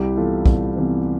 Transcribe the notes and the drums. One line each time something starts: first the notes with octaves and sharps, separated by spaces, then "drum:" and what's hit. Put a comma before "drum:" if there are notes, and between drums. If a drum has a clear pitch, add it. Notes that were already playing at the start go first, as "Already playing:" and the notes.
Already playing: C2 E4 G4
C3 E3 B3 F4 A4
C2, drum: kick B1
C3 E3 B3